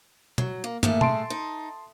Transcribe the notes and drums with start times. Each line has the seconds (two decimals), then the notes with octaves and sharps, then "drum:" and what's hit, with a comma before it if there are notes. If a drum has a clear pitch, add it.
0.38 F#3, drum: tom
0.64 A#3
0.83 A2 A3 A#3 G#4, drum: tom
1.01 A5 C6 D7, drum: tom
1.30 D#4